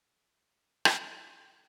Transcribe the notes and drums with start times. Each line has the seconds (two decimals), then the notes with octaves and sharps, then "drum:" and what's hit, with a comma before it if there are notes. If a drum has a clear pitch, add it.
0.12 G#2
0.85 drum: rim click